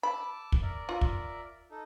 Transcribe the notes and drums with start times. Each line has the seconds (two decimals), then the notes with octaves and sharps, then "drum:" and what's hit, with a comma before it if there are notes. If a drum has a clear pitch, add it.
0.03 A5 B5 D6 E6
0.52 drum: kick
0.62 A#4 D5 E5
0.89 F4
1.01 drum: kick
1.71 D#4 A4